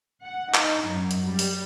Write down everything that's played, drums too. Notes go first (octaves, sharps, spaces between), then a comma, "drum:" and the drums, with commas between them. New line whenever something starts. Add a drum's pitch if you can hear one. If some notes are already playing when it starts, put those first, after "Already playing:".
F#5
D#4, drum: clap
F#2
drum: hi-hat
G3
drum: open hi-hat